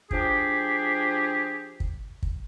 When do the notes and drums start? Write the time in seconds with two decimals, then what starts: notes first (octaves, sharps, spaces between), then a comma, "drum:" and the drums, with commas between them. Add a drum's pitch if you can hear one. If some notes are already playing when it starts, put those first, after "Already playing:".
0.11 F3 D4 G4 G#4, drum: kick
1.80 drum: kick
2.23 drum: kick